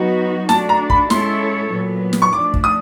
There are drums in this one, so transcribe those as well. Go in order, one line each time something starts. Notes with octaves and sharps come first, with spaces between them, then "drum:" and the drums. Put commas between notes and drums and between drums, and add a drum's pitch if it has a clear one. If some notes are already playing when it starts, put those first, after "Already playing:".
Already playing: F#3 B3 D#4 F#4
A3 D4 F#4 A5, drum: snare
A#5
B5, drum: kick
G#3 C#4 E4 A4 C#5 C6, drum: snare
A#2 F#3 B3
drum: snare
C#6
F3 A3 D4 D6
drum: kick
D#6